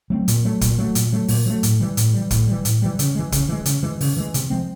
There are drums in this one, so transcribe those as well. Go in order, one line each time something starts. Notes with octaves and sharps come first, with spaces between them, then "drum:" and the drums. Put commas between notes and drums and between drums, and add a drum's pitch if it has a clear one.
F#3 A3 C4
A#2, drum: hi-hat
F#3 A3
A#2, drum: kick, hi-hat
F#3 A3
A#2, drum: hi-hat
F#3 A3
A#2, drum: open hi-hat
F#3 A3
A2, drum: hi-hat
E3 G3
A2, drum: hi-hat
E3 G3
A2, drum: kick, hi-hat
E3 G3
A2, drum: hi-hat
E3 G3
C#3, drum: hi-hat
E3 G#3
C#3, drum: kick, hi-hat
E3 G#3
C#3, drum: hi-hat
E3 G#3
C#3, drum: open hi-hat
E3 G#3
C3, drum: hi-hat
F3 G#3 C4